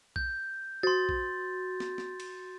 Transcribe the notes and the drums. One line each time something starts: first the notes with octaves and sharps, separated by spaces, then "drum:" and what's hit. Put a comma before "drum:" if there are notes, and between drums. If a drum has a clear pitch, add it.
G6, drum: kick A#1
F#4 C6 A6
drum: kick A#1
drum: snare
drum: snare
drum: cymbal